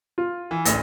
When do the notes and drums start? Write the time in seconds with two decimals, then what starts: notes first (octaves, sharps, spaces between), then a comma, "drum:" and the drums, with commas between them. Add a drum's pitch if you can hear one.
0.18 F4
0.51 E3
0.65 A1 D2 D5 A#6, drum: hi-hat